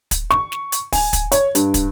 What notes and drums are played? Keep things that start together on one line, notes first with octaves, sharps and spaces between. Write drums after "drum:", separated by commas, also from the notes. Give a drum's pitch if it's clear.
drum: kick, hi-hat
C#6, drum: snare
drum: snare
drum: hi-hat
G#5, drum: kick, open hi-hat
drum: kick, hi-hat
C#5, drum: hi-hat
G2, drum: hi-hat
drum: kick, hi-hat